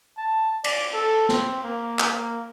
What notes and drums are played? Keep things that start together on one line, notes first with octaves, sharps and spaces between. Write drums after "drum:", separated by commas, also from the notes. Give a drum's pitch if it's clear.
A5
D5, drum: cymbal
A4
C4, drum: snare
A#3
drum: clap
A#3